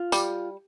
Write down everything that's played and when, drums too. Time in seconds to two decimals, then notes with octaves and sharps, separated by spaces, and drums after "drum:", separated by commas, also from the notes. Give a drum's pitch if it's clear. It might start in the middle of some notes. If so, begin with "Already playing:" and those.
Already playing: F4
0.12 G3, drum: tambourine